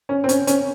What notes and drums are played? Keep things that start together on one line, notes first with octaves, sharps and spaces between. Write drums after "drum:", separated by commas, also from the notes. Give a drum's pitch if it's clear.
C#4
C4
C#4, drum: hi-hat
C#4, drum: hi-hat